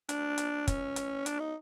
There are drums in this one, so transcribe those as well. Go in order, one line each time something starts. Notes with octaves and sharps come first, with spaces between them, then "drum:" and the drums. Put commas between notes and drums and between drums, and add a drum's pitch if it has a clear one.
D4, drum: hi-hat
drum: hi-hat
C#4, drum: kick, hi-hat
drum: hi-hat
D4, drum: hi-hat
D#4